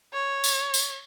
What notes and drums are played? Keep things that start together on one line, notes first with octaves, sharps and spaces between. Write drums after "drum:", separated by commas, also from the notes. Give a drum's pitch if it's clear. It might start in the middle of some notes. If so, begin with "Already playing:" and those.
C#5
drum: tambourine
drum: tambourine